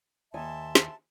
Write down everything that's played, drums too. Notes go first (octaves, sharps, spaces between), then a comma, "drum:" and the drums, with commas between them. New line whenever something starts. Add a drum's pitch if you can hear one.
D#2 E5 G#5 A5 C6
drum: snare